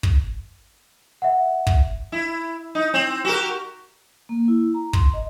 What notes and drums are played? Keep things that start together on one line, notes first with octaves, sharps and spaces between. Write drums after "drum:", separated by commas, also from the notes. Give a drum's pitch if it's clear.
drum: kick
E5 F#5
drum: kick
E4
D#4
C4
F#4 G4 A#4
A#3
E4
A#5
C6, drum: kick
D#5